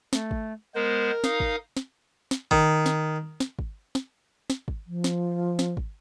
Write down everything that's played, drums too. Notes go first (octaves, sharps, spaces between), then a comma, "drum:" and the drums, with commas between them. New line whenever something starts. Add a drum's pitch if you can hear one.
A3, drum: snare
drum: kick
G#3 B3 A#4 C5
D#4 F5 D#6, drum: snare
drum: kick
drum: snare
drum: snare
D#3, drum: kick
drum: snare
drum: snare
drum: kick
drum: snare
drum: snare
drum: kick
F3
drum: snare
drum: snare
drum: kick